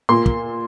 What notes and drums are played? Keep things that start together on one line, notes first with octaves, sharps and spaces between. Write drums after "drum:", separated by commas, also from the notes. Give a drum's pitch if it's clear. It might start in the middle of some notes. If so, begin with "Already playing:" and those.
A#2 A#3 C6
drum: kick